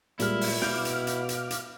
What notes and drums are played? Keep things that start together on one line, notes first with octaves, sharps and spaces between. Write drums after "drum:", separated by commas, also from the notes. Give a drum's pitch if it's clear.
A#2 G3 G#3 E4 F6, drum: hi-hat
drum: open hi-hat
B2 F5 D6 F6 G6, drum: snare
drum: hi-hat
drum: hi-hat
drum: hi-hat
drum: hi-hat